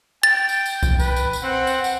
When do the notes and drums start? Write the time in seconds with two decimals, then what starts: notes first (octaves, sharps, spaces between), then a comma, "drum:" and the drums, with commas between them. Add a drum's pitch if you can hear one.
0.23 G5 A6
0.49 drum: tambourine
0.66 drum: tambourine
0.83 drum: kick C2, tambourine
1.00 B4, drum: tambourine
1.16 drum: tambourine
1.33 drum: tambourine
1.43 C4 F#5
1.67 drum: tambourine
1.84 drum: tambourine